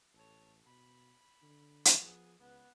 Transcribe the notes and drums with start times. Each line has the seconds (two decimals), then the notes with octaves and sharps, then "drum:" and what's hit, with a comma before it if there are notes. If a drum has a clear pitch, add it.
0.14 A1 A4 C#5
0.66 B2 B5
1.43 D3
1.85 drum: hi-hat
2.01 F3 B3 G#4
2.39 C#2 B3 B4